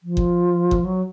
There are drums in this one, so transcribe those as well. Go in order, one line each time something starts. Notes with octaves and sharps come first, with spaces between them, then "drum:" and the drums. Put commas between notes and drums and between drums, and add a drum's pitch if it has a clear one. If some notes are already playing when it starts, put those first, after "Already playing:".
F3
drum: kick G1
drum: kick G1
F#3